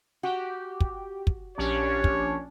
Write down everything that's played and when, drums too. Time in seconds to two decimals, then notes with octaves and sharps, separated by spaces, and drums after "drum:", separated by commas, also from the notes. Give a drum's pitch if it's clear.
0.23 F#4 G4
0.80 drum: kick
1.27 drum: kick
1.58 A#1 C#4 D4 G4 C#5
2.04 drum: kick